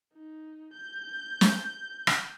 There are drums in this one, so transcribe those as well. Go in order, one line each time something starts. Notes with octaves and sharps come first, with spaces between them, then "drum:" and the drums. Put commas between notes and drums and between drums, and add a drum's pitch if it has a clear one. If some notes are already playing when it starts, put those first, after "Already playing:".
D#4
G6
drum: snare
drum: rim click